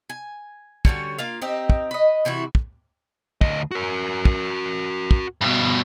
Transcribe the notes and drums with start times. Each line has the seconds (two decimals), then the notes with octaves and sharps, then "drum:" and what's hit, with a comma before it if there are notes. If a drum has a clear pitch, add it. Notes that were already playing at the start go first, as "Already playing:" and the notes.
0.10 G#5
0.85 D3 G3 C#4 F#4, drum: kick
1.19 A#3 F4 F5
1.42 C4 D#4 G4
1.70 drum: kick
1.91 B4 D#5
2.25 C3 E3 E4 F#4
2.55 drum: kick
3.41 D2 D#5, drum: kick
3.71 F#4 A#4
4.25 drum: kick
5.11 drum: kick
5.41 G2 B2